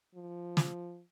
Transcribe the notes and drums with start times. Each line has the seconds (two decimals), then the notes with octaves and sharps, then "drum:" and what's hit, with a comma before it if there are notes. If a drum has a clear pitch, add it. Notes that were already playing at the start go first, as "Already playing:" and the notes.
0.15 F3
0.57 drum: snare